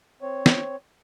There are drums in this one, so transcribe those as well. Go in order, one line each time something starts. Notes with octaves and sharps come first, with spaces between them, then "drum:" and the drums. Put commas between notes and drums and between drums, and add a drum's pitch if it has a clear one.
C4 C#5
drum: snare